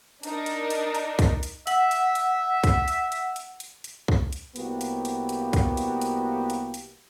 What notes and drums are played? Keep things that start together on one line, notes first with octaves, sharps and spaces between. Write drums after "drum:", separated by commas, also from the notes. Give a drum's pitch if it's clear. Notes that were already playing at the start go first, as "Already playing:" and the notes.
D4 D#4 A#4, drum: hi-hat
drum: hi-hat
drum: hi-hat
drum: hi-hat
drum: kick, hi-hat
drum: hi-hat
E5 F#5, drum: hi-hat
drum: hi-hat
drum: hi-hat
drum: kick, hi-hat
drum: hi-hat
drum: hi-hat
drum: hi-hat
drum: hi-hat
drum: hi-hat
drum: kick
drum: hi-hat
C2 A#3 B3 F#4 G4, drum: hi-hat
drum: hi-hat
drum: hi-hat
drum: hi-hat
drum: kick, hi-hat
drum: hi-hat
drum: hi-hat
drum: hi-hat
drum: hi-hat